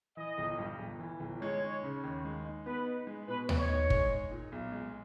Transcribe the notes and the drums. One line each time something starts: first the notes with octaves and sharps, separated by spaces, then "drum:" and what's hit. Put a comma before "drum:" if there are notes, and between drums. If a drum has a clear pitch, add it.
E3 D#5
G1
G2
G1
E3
G1
G#3 C#5
D#4
C#3
D#2
G#3
D#4
B3 B4
D#4
G#3
B2 B4
B3, drum: tom D#2
C#5
D#4
G#3, drum: kick
D#4
A#2
B1
G#3